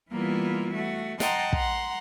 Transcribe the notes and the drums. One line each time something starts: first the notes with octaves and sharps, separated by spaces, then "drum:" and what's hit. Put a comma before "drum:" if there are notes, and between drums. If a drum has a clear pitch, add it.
E3 G3 A#3 B3 E4 F4
A3 F#4
D#5 F#5 G5 A5 A#5 C6, drum: snare
F#5 A#5 C6, drum: kick